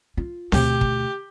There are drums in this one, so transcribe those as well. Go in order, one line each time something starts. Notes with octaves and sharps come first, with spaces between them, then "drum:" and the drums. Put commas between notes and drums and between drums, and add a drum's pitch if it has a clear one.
F4
D2 B2 G4, drum: snare C4
drum: kick